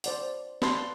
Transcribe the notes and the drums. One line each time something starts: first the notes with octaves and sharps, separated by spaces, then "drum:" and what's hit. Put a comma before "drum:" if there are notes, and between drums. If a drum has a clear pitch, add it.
C5 D5 F#5, drum: hi-hat
B4 D5 A5 C6, drum: snare